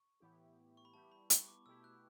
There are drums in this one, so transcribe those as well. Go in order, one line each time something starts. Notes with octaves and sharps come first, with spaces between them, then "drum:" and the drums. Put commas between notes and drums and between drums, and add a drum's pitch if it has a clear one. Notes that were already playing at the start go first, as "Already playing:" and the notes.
Already playing: C#6
A2 E3 B3 E4 G4
C#6
B5
G3 B3 E4 G4 A5
B5
C#6, drum: hi-hat
D6
B2 A3 E4 G4 E6
F#6